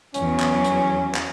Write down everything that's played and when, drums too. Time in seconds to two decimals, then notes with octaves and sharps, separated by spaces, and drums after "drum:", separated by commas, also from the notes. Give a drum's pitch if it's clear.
0.14 E2 F#3 C#4, drum: hi-hat
0.39 drum: clap
0.64 drum: hi-hat
1.15 drum: clap